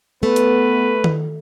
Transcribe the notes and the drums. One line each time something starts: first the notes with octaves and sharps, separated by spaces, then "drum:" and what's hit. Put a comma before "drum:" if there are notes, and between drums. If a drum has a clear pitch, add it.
A3 B3 B4
drum: hi-hat
drum: tom D#3